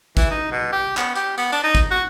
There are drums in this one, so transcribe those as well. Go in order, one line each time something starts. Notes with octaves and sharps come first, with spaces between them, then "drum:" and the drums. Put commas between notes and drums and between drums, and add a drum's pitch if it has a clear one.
E3, drum: kick, tambourine
D#4
B2
G4
B3, drum: clap
G4, drum: tambourine
B3, drum: tambourine
D4, drum: tambourine
D#4
drum: kick, tambourine
F#4